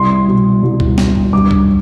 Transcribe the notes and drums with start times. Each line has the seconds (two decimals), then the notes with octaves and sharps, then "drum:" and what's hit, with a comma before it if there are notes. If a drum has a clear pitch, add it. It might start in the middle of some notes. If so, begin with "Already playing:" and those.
Already playing: C2 C6
0.27 B2
0.63 C2
0.80 drum: kick
0.98 F#3, drum: snare
1.15 drum: kick
1.33 G2 D6
1.51 drum: kick